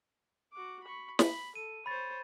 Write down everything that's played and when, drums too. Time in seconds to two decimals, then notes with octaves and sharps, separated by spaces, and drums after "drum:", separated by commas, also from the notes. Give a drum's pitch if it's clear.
0.53 F#4 D6
0.84 B5 C#6
1.19 B5, drum: snare
1.55 A4 D#7
1.86 C5 C#5 B5 A6